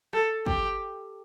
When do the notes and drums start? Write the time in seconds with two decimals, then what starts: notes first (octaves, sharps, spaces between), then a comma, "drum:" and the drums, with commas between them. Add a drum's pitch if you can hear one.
0.13 A4, drum: rim click
0.46 G4, drum: kick